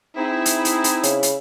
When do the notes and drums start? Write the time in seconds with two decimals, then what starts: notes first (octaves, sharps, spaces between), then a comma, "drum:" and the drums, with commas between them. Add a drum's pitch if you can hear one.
0.17 C4 D#4 E4 G#4
0.45 drum: hi-hat
0.65 drum: hi-hat
0.84 drum: hi-hat
1.03 C#3, drum: hi-hat
1.23 drum: hi-hat